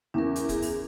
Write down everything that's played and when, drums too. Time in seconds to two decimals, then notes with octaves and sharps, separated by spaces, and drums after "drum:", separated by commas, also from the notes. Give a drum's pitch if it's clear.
0.14 E2 C#4 A#4
0.36 drum: hi-hat
0.49 G#4, drum: kick, hi-hat
0.62 drum: open hi-hat